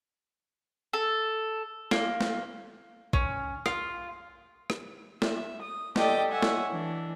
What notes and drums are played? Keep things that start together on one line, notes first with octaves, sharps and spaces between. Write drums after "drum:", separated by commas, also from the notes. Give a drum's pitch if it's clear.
A4
A#3, drum: snare
drum: snare
C#4, drum: kick A#1
F4, drum: rim click
drum: rim click
E5, drum: snare
D#6
G4 A4 D5 D#5 G5 D6, drum: snare
C#5 E5 F#5 G#5
drum: snare
E3 D4